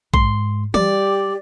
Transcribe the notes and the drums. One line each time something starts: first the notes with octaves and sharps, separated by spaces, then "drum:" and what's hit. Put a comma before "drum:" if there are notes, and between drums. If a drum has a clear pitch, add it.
G#2 C6, drum: kick A#1
G3 G4 D5, drum: tom E3